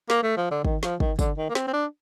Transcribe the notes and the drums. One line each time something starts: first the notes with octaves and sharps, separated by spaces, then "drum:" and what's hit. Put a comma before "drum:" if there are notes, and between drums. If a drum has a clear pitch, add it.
A#3, drum: snare
A3
F3
D3
D#3, drum: kick
F3, drum: snare
D#3, drum: kick
D3, drum: kick, tambourine
D#3
A#3
C4, drum: snare
C4
D4